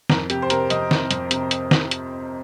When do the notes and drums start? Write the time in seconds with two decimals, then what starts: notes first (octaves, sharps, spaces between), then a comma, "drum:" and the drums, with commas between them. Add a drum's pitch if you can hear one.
0.10 F2 A#4, drum: snare
0.30 C3 G4, drum: hi-hat
0.42 C5
0.50 C3 A#4, drum: hi-hat
0.70 F2 D#5, drum: hi-hat
0.91 C3, drum: snare
1.11 F2, drum: hi-hat
1.31 C3, drum: hi-hat
1.51 drum: hi-hat
1.71 drum: snare
1.91 drum: hi-hat